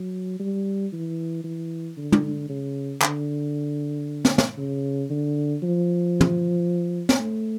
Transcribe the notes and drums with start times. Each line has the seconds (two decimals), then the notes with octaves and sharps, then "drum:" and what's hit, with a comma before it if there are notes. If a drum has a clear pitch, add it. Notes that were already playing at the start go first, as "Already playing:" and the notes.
Already playing: F#3
0.40 G3
0.93 E3
1.44 E3
1.98 D3
2.12 drum: tom
2.49 C#3
3.02 D3, drum: clap
4.25 drum: snare
4.38 drum: snare
4.58 C#3
5.10 D3
5.63 F3
6.21 drum: tom
7.09 drum: snare
7.20 A3